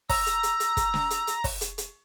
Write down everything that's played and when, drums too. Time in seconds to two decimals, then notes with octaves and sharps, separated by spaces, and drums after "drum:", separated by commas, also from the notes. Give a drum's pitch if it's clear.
0.09 A#5 E6, drum: kick, open hi-hat
0.26 drum: hi-hat
0.43 drum: hi-hat
0.60 drum: hi-hat
0.77 drum: kick, hi-hat
0.94 drum: snare
1.10 drum: hi-hat
1.27 drum: hi-hat
1.44 drum: kick, open hi-hat
1.61 drum: hi-hat
1.78 drum: hi-hat